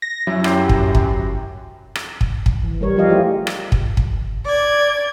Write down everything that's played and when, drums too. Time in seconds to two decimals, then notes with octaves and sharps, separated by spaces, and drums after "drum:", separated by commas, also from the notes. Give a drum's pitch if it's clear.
0.02 A#6
0.27 F#2 E4
0.44 G4 C5 A#5, drum: rim click
0.69 drum: kick
0.95 drum: kick
1.95 drum: rim click
2.21 drum: kick
2.46 drum: kick
2.63 E3
2.81 G3 A#4 C#5
2.96 F3 G3 G4 D#5 F5
3.09 A3 E4 F4 G4 G#4
3.47 drum: rim click
3.72 drum: kick
3.97 drum: kick
4.45 D5 G#6